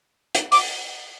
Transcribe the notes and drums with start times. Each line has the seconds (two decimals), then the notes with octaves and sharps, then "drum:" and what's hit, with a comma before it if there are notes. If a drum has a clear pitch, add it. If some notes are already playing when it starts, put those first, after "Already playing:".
0.35 drum: hi-hat
0.52 D6, drum: open hi-hat